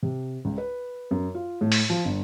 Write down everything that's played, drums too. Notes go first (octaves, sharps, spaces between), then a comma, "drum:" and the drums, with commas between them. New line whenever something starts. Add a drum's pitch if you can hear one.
C3
C#2
B4
F#2
F4
A2
drum: open hi-hat
F3
G1